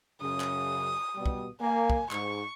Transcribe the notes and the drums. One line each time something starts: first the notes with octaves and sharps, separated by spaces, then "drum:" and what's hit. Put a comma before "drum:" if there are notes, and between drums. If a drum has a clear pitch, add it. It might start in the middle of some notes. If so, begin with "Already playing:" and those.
F#2 C#3 D#6
drum: clap
B2 G3
drum: kick
A#3 G#5
drum: kick
G#2 C#6, drum: clap